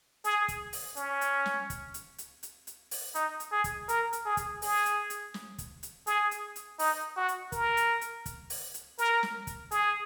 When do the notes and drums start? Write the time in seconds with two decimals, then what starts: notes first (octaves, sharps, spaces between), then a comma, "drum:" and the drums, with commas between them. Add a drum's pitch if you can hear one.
0.24 G#4, drum: hi-hat
0.48 drum: kick, hi-hat
0.73 drum: open hi-hat
0.96 C#4, drum: hi-hat
1.21 drum: hi-hat
1.46 drum: snare
1.70 drum: kick, hi-hat
1.94 drum: hi-hat
2.18 drum: hi-hat
2.43 drum: hi-hat
2.67 drum: hi-hat
2.91 drum: open hi-hat
3.15 D#4, drum: hi-hat
3.40 drum: hi-hat
3.52 G#4
3.64 drum: kick, hi-hat
3.89 A#4, drum: hi-hat
4.13 drum: hi-hat
4.25 G#4
4.37 drum: kick, hi-hat
4.62 G#4, drum: open hi-hat
4.86 drum: hi-hat
5.10 drum: hi-hat
5.34 drum: snare
5.58 drum: kick, hi-hat
5.83 drum: hi-hat
6.07 G#4, drum: hi-hat
6.31 drum: hi-hat
6.56 drum: hi-hat
6.79 D#4, drum: open hi-hat
7.17 F#4
7.28 drum: hi-hat
7.52 A#4, drum: kick, hi-hat
7.77 drum: hi-hat
8.01 drum: hi-hat
8.26 drum: kick, hi-hat
8.50 drum: open hi-hat
8.74 drum: hi-hat
8.98 A#4, drum: hi-hat
9.23 drum: snare
9.47 drum: kick, hi-hat
9.71 G#4, drum: hi-hat